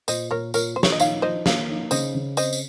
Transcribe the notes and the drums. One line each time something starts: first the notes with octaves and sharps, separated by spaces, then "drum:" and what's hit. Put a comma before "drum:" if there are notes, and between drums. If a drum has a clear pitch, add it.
A#2 C5 D#5, drum: tambourine
A#2 A#4 C#5
A#2 A#4 C#5, drum: tambourine
A#2 C5
C#5, drum: snare
D#5
D#4 C#5 F5, drum: tambourine
F3 C5 D#5
A#3 C#5 F5, drum: snare
D#4
C#3 C5 D#5, drum: tambourine
C#3
C4 C5 D#5, drum: tambourine
drum: tambourine